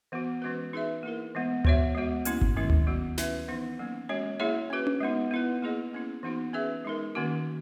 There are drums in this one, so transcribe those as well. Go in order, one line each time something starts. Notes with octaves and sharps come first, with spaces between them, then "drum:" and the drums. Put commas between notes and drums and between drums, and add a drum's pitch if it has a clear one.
E3 B3 F#4
E3 G#3 C#4 F#4 B4
D#4 G#4 B4 E5
A#3 E4 A#4
E3 G#3 B3
E3 B3 F#4 C#5 E5, drum: tom D2
G#3 B3 F#4
A#3 C#4 E4, drum: hi-hat
drum: kick G1
D#3 G#3 C#4 E4
drum: tom D2
F#3 B3 F#4
C#4 E4 B4 E5, drum: snare
E3 B3 D#4
F#3 A#3 C#4
G#3 C#4 F#4 C#5
A#3 E4 G#4 C#5 E5
C#4 F#4 B4
drum: tom C#4
G#3 B3 D#4
B3 E4 B4
A#3 E4 G#4 D#5
A#3 C#4 E4
E3 B3 D#4 F#4
C#4 G#4 B4 E5
G#3 D#4 A#4
D#3 A#3 C#4 F#4